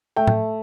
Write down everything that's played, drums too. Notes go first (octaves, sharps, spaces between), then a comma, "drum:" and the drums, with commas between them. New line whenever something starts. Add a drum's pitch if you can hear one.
A3 G5
drum: tom A2